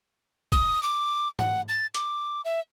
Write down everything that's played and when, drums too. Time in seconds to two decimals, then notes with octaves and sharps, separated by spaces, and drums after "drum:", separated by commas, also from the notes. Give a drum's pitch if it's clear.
0.52 D#6, drum: kick
0.83 D6
1.39 F#5, drum: tom
1.68 A6
1.94 D6, drum: hi-hat
2.45 E5